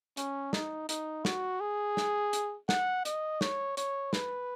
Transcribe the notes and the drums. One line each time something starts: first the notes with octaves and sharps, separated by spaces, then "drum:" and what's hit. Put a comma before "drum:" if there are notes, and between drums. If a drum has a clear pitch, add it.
C#4, drum: hi-hat
D#4, drum: snare
D#4, drum: hi-hat
F#4, drum: snare
G#4
drum: snare
drum: hi-hat
F#5, drum: snare
D#5, drum: hi-hat
C#5, drum: snare
C#5, drum: hi-hat
B4, drum: snare